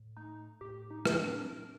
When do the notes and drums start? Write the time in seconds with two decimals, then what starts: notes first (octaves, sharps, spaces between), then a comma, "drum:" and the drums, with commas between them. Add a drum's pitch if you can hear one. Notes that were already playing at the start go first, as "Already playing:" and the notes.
Already playing: A2
0.17 A3 D#4
0.61 A2 G4
0.91 D#4
1.05 F#3, drum: rim click
1.20 D4
1.28 C4
1.36 D4
1.49 A3 A#4